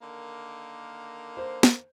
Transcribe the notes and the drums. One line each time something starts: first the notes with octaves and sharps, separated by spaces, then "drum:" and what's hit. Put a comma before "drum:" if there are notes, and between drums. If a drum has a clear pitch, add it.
D3 D#3 A#3
C5
drum: snare